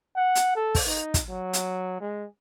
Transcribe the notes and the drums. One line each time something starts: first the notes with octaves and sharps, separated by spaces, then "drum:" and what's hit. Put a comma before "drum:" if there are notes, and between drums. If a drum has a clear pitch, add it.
F#5
drum: hi-hat
A4
drum: kick, open hi-hat
D#4
drum: kick, hi-hat
F#3
drum: hi-hat
G#3